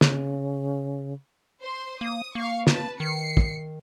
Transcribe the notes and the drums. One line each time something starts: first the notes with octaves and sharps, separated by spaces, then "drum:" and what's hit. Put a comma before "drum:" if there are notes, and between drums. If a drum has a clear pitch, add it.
C#3, drum: snare
C5 C6
A#3 D#6
A#3 F5 C#6
B4 A5, drum: snare
D#3 C7 C#7
drum: kick